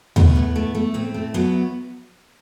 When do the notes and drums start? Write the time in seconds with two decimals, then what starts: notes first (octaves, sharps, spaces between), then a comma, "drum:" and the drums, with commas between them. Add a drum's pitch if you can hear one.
0.16 A3 B3, drum: tom D#2
0.36 A2
0.56 A3
0.75 A3
0.94 A2 C4
1.14 A3
1.34 F#3 B3